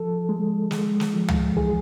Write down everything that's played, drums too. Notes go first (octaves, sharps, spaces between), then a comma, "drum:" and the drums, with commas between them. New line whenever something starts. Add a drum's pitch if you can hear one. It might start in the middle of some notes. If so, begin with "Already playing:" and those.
Already playing: F3 A4
G#3
G#3, drum: snare
drum: snare
F3
drum: tom C#2
E3 G#4